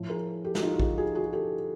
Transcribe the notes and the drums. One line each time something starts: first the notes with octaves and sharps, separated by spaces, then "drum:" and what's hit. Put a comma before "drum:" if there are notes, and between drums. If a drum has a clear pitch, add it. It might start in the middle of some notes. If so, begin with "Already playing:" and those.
Already playing: A2 F3
G#4 A#4
G4 A4
F#4, drum: snare
D#4 F4
F#4
F4 G4, drum: kick A#1
F#4 G#4
F#4 G#4
G4 A4